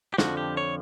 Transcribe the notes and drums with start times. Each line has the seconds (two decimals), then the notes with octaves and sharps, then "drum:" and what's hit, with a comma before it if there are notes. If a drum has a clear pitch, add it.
0.14 G4
0.18 F2 D3 F3 F#4, drum: snare
0.37 G4
0.57 C#5